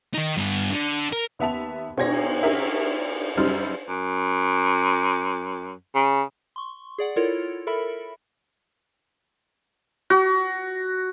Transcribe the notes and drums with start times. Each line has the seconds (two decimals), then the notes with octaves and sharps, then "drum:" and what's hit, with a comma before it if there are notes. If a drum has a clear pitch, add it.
0.14 D#3 D#4
0.37 G2 B3
0.71 D3
1.13 A#4
1.39 D#2 B3 E5 A5 F7
1.97 B2 C#5 G#6 A#6, drum: cymbal
2.43 C#4 D#4 G4 A#4 E5
3.38 F#2 C#3 G3 D#4 C5 F6
3.89 F#2
5.95 C#3
6.56 C6 C#6
6.98 G#4 D5 F#5
7.16 E4 F4 A4 A#4 C#5
7.67 A4 A#4 E5 B5
10.10 F#4